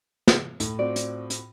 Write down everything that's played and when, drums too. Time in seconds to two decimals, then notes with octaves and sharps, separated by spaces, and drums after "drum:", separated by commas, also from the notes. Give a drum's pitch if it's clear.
0.28 drum: snare
0.60 A2, drum: hi-hat
0.79 C4 F4 F#4 D5
0.96 drum: hi-hat
1.30 drum: hi-hat